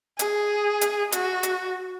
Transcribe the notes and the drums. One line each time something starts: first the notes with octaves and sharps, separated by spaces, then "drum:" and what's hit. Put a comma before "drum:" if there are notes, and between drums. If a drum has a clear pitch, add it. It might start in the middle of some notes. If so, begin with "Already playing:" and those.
G#4, drum: hi-hat
drum: hi-hat
F#4, drum: hi-hat
drum: hi-hat